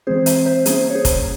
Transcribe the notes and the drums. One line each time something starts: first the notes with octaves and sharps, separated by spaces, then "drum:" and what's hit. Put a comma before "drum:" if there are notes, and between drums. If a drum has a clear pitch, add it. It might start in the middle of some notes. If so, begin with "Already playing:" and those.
E3 G#3 C4 G#4 C5
C5 E5, drum: hi-hat
C5 E5
G3 A#3 C#4 G#4 C5, drum: hi-hat
C#5
G#4 C5
drum: kick, hi-hat